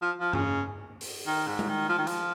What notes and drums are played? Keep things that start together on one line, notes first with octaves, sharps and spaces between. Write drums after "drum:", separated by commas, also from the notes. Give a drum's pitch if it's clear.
F3
F3
C#3, drum: tom G2
drum: open hi-hat
D#3
G#2
drum: tom G#3
D#3
F3
D#3
F3, drum: hi-hat